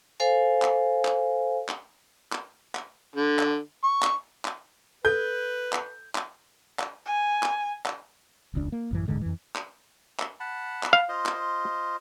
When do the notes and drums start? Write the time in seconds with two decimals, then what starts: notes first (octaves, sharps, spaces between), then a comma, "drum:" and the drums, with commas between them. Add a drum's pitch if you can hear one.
0.20 A4 C5 F5 G#5
0.62 drum: clap
1.05 drum: clap
1.69 drum: clap
2.32 drum: clap
2.75 drum: clap
3.16 D3
3.39 drum: clap
3.84 C#6
4.03 drum: clap
4.45 drum: clap
5.05 A4 B4 G6
5.73 drum: clap
6.15 drum: clap
6.79 drum: clap
7.06 G#5
7.43 drum: clap
7.86 drum: clap
8.53 E1 C#2 D4
8.72 A#3
8.91 A1 F#2 E3
9.08 D1 G#2 D3 G#3
9.21 F2 E3
9.56 drum: clap
10.20 drum: clap
10.40 F#5 A5 B5
10.83 drum: clap
10.93 F5
11.09 F4 C5 D#5
11.26 drum: clap